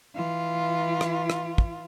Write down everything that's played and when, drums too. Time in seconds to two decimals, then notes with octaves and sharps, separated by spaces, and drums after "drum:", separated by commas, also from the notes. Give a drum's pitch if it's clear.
0.15 E3 F4
1.01 drum: rim click
1.30 drum: rim click
1.58 drum: kick